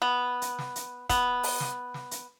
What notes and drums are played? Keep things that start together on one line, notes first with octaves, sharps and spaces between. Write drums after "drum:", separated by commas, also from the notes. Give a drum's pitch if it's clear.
B3
drum: hi-hat
drum: snare
drum: hi-hat
B3, drum: kick, hi-hat
drum: open hi-hat
drum: snare
drum: snare
drum: hi-hat